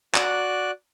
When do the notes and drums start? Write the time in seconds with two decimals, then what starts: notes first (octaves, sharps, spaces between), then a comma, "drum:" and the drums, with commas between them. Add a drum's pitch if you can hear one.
0.14 F#4 D5 F#6, drum: clap